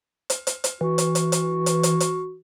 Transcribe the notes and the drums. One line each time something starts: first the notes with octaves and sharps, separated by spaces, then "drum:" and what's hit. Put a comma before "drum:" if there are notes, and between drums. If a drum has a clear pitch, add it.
drum: hi-hat
drum: hi-hat
drum: hi-hat
E3 F#4
drum: hi-hat
drum: hi-hat
drum: hi-hat
drum: hi-hat
drum: hi-hat
drum: hi-hat